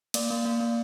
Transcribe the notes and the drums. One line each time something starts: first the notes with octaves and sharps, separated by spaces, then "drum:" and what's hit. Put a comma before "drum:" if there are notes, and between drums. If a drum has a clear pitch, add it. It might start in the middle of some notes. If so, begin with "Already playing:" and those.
A#3 D5, drum: cymbal
A#3
A#3
A#3